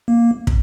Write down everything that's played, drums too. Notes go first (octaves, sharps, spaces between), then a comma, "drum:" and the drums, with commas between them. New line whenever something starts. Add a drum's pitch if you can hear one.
A#3
drum: kick